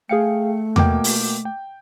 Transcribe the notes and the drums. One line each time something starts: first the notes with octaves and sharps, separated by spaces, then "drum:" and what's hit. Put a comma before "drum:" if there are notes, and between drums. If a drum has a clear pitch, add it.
A3 G#4 F5 G5 C#7
B2 A#3 G5 D6, drum: tom E2
drum: open hi-hat
G5